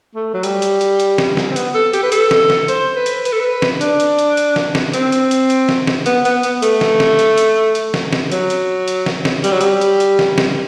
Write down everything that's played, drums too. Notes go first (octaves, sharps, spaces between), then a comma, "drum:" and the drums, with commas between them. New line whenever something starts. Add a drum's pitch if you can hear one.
A3
F#3
G3, drum: hi-hat
drum: hi-hat
drum: hi-hat
drum: hi-hat
drum: snare
drum: snare
C4
B3, drum: hi-hat
A4
G4, drum: hi-hat
B4
A4, drum: hi-hat
drum: snare
drum: snare
C5, drum: hi-hat
B4
drum: hi-hat
B4, drum: hi-hat
A4
B4
drum: snare
D4, drum: hi-hat
drum: hi-hat
drum: hi-hat
drum: hi-hat
drum: snare
drum: snare
C4, drum: hi-hat
drum: hi-hat
drum: hi-hat
drum: hi-hat
drum: snare
drum: snare
B3, drum: hi-hat
B3, drum: hi-hat
B3, drum: hi-hat
A3, drum: hi-hat
drum: snare
drum: snare
drum: hi-hat
drum: hi-hat
drum: hi-hat
drum: snare
drum: snare
F#3, drum: hi-hat
drum: hi-hat
drum: hi-hat
drum: snare
drum: snare
G3, drum: hi-hat
F#3
G3, drum: hi-hat
drum: hi-hat
drum: hi-hat
drum: snare
drum: snare